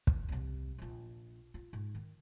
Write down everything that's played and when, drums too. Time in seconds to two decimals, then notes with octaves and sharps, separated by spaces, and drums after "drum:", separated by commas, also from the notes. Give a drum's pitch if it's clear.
0.07 E3, drum: kick
0.29 C2 C3
0.78 A#1 F4
1.54 F4
1.73 G#2
1.95 D#3